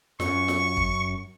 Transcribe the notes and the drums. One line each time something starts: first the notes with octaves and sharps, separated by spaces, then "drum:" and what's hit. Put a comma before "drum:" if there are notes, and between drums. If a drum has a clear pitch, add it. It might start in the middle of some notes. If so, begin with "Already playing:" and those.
F#2 C#6, drum: snare F4
drum: snare F4
drum: kick